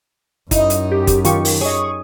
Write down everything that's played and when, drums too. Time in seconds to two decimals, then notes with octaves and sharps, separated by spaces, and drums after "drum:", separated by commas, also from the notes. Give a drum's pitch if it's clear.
0.51 F#2 D#4 E4, drum: kick G1, hi-hat
0.70 drum: hi-hat
0.92 G4
1.07 drum: kick G1, hi-hat
1.25 D#3 F4 G4 C#6, drum: hi-hat
1.45 drum: open hi-hat
1.61 G#4 C#5 D#5 C#6